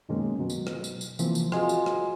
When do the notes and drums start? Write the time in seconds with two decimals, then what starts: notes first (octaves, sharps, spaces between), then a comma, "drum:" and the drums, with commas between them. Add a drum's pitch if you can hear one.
0.09 F#2 B2 D#3 G#3 A#3 C#4
0.40 B2 F#3
0.50 drum: tambourine
0.67 drum: rim click
0.84 drum: tambourine
1.01 drum: tambourine
1.19 C3 E3 F3 A#3 C4, drum: tambourine
1.35 drum: tambourine
1.52 F4 F#4 G#4 D#5 G#5 C6, drum: rim click
1.69 drum: tambourine
1.86 drum: rim click